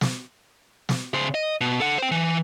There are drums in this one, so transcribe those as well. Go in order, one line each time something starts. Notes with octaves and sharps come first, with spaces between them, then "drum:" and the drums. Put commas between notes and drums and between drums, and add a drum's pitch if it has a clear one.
drum: snare
drum: snare
C#3 C5
D#5
B2
A4 F#5
C5 G5
E3